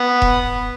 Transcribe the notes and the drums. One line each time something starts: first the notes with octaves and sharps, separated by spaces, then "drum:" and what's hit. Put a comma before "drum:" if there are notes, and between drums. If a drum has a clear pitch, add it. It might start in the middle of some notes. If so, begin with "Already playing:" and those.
Already playing: B3
drum: kick E1